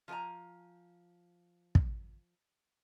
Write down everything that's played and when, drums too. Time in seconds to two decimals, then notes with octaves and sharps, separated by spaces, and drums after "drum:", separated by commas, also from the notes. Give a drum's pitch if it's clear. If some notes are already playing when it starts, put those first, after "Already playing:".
0.08 F3 G#4 A#4 G#5 A#5
1.75 drum: kick